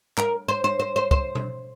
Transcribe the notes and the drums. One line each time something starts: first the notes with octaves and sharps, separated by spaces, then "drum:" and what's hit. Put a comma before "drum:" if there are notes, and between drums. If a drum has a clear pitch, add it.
A#4, drum: clap
C5
C5
C5
C5
C5, drum: kick
drum: tom B2